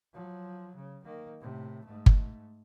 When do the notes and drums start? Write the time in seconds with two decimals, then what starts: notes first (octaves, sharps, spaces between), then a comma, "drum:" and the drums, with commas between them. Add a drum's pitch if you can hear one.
0.14 F3 F#3
0.76 C#3
1.04 D#3 A#3
1.40 A2 C3
1.84 G#2 A3
2.06 drum: kick G1